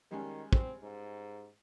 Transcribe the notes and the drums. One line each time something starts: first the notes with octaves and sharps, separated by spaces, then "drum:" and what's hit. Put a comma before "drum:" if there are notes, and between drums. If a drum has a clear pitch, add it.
D#3 G3 G#3 C#4
C4, drum: kick
G#2